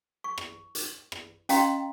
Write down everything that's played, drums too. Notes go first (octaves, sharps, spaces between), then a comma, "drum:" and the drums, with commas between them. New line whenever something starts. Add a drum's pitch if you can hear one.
C#6
drum: rim click
drum: hi-hat
drum: rim click
C#4 D#5 F5 G5 A#5 C6, drum: hi-hat